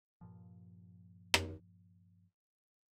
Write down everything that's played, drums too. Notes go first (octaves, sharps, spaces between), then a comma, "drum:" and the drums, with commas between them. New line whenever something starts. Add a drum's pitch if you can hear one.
G2 A#2 F3
drum: rim click